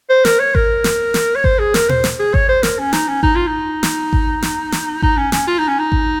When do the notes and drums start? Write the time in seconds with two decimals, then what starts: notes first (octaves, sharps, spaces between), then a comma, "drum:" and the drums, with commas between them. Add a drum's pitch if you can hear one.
0.10 C5
0.25 A#4, drum: snare
0.39 C#5
0.55 A#4, drum: kick G#1
0.84 drum: snare
1.14 drum: snare
1.35 C#5
1.44 C5, drum: kick G#1
1.59 G#4
1.74 A#4, drum: snare
1.89 C5, drum: tom A#2
2.04 drum: snare
2.19 G#4
2.34 C#5, drum: kick G#1
2.49 C5
2.63 A#4, drum: snare
2.78 C#4
2.93 D#4, drum: snare
3.08 C#4
3.23 D#4, drum: kick G#1
3.35 F4
3.47 D#4
3.83 drum: snare
4.13 drum: kick G#1
4.42 drum: snare
4.72 drum: snare
5.02 D#4, drum: kick G#1
5.17 C#4
5.32 C#4, drum: snare
5.47 F4
5.58 D#4
5.68 C#4
5.79 D#4
5.92 drum: kick G#1